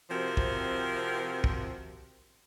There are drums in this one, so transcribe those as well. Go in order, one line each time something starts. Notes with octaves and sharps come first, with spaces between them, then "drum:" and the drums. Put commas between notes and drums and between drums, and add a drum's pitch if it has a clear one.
C3 F3 C4 F#4 A#4
drum: kick
drum: kick